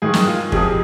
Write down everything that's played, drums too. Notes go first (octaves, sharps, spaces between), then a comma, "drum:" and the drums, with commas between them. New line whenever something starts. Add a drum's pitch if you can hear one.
G#2 D#3 G#3 G#4
drum: snare
F4
F2 C3 F3 G#4, drum: kick